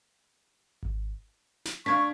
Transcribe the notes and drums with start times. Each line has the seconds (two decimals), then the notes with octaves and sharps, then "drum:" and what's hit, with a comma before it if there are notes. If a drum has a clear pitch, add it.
0.83 drum: kick G#1
1.65 drum: snare
1.86 D4 F5 C#6 G#6 B6